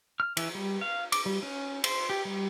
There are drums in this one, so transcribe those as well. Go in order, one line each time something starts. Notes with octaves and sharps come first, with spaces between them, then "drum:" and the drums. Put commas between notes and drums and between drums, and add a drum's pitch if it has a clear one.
F6
E3, drum: cymbal
G3
F5
D6, drum: cymbal
G3
C#4
C5, drum: cymbal
G4
G3